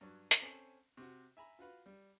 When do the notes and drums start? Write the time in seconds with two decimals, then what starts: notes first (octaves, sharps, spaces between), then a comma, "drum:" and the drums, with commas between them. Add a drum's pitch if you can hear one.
0.01 G2 F#3
0.31 drum: hi-hat
0.42 C4 C#4 A4 G#5
0.97 C3 F#4
1.37 E5 G#5 A#5 B5
1.59 F4 F#4 B4 F5
1.86 G3